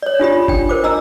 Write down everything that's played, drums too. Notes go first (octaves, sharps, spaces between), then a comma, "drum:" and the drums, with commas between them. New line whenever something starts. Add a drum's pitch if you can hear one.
C#5 D5
D4 F4 G4 B5
D4 G5, drum: kick
A#4 C5 D6
D4 D#5 A#5 E6